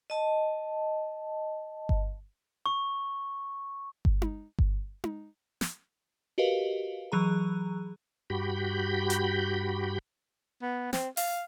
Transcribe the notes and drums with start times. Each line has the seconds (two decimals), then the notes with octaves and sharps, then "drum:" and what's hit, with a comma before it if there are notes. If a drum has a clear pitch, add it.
0.10 D#5 A5
1.89 drum: kick G1
2.66 C#6
4.05 drum: kick G1
4.22 drum: tom D#4
4.59 drum: kick G1
5.04 drum: tom D#4
5.61 drum: snare
6.38 F#4 G4 A#4 B4 D#5 F5
7.12 E3 F#3 G#4 A#5
8.30 G2 F#4 G4 B5 G6
9.10 drum: hi-hat
10.62 B3
10.93 C4, drum: snare
11.17 F5, drum: open hi-hat